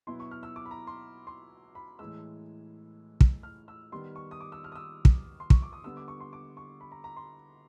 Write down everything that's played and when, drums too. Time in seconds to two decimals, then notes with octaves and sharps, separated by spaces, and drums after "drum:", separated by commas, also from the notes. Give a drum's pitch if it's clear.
0.07 B2 F#3 B3 E4 C6
0.20 C#6
0.31 F6
0.43 E6
0.56 D6
0.66 B5
0.71 A#5
0.87 C6
1.27 C6
1.75 B5
1.99 A2 E3 G#3 E6
3.21 drum: kick
3.43 F6
3.68 E6
3.92 D#3 G3 B3 C6
4.16 C#6
4.31 D#6
4.40 D6
4.52 E6
4.64 F6
4.72 D#6
4.75 E6
5.05 drum: kick
5.40 C6
5.50 C#6, drum: kick
5.62 D6
5.73 D#6
5.84 D3 G3 B3 E6
5.97 D6
6.08 C#6
6.20 C6
6.33 D6
6.57 C#6
6.81 B5
6.92 A#5
7.04 A#5
7.17 C6